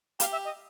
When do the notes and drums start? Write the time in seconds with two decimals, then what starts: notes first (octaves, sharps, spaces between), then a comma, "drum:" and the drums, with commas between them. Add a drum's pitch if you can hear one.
0.20 G4 F5, drum: hi-hat
0.32 E5
0.45 D#5